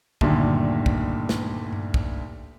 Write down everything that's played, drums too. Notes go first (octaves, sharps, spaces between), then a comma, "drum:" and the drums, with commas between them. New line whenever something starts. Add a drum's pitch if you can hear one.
D2 G2 A#2 D3 D#3, drum: kick
drum: kick
drum: snare
drum: tom G2
drum: kick